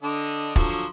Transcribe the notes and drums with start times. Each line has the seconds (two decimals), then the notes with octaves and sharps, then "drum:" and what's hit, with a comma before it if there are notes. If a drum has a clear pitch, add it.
0.03 D3 D4 D#5
0.56 D3 F3 F#3, drum: kick